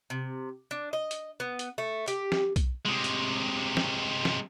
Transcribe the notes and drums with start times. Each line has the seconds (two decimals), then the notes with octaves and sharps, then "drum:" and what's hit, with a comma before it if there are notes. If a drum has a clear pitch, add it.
0.10 C3
0.71 D4
0.93 D#5
1.11 drum: hi-hat
1.40 B3
1.59 drum: hi-hat
1.78 A3
2.08 G4, drum: hi-hat
2.32 drum: snare
2.56 drum: kick B1, hi-hat
2.85 C3 G#3
3.04 drum: hi-hat
3.77 drum: snare
4.25 drum: snare